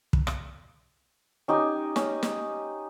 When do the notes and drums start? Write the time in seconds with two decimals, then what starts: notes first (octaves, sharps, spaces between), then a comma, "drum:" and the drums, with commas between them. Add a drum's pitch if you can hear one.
0.13 drum: kick
0.27 drum: rim click
1.48 C#4 D#4 G4 G#5
1.96 C#4, drum: snare
2.23 drum: snare